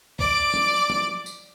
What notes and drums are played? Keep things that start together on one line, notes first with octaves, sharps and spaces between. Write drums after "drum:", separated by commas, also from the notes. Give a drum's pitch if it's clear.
D5 D6, drum: kick C2
drum: tom
drum: tom
drum: tambourine